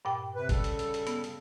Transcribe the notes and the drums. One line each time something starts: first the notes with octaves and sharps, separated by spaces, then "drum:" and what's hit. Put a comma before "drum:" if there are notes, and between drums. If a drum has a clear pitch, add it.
G2 A#2 G5
C3 B4
C#3 G3 A4, drum: kick, hi-hat
drum: hi-hat
drum: hi-hat
drum: hi-hat
B3, drum: hi-hat
drum: hi-hat